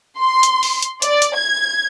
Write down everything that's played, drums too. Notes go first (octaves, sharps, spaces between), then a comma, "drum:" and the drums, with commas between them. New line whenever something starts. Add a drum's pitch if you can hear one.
C6
drum: hi-hat
drum: open hi-hat
drum: hi-hat
D5, drum: hi-hat
drum: hi-hat
G#6